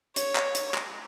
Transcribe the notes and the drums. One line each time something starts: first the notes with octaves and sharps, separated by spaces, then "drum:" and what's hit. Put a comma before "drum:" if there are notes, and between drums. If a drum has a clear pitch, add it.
C#5, drum: hi-hat
drum: clap
drum: hi-hat
drum: clap